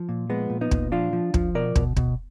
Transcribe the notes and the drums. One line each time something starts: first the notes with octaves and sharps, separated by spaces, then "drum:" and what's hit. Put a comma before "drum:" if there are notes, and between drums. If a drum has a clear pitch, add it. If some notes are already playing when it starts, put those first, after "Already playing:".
Already playing: F3
A#2
F3 G#3 B3
A#2
B3 D#4
A#2, drum: kick
F3 D4 F4
F3
F3, drum: kick
B2 A#4 D5
B2, drum: kick
B2, drum: kick